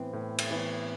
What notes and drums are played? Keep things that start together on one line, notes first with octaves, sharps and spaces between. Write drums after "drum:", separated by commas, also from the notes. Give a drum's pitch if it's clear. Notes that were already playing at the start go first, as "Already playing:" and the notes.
Already playing: A2 E3 B3 C4
A2
drum: cymbal
E3 B3